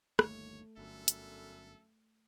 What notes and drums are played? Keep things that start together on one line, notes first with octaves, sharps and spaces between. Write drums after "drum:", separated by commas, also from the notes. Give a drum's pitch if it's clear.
G1 D#2 A3 C#5, drum: rim click
G1 F#2 D3 A4 E5
drum: hi-hat